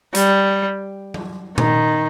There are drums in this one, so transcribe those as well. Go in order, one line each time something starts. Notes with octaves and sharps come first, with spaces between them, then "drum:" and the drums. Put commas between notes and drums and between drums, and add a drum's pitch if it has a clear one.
G3, drum: hi-hat
drum: tom F#3
D#3, drum: tom A#2